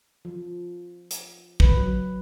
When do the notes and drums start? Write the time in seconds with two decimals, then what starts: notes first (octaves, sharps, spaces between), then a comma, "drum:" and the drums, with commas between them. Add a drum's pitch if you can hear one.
0.25 F3
1.11 drum: hi-hat
1.60 B4, drum: kick
1.77 F#3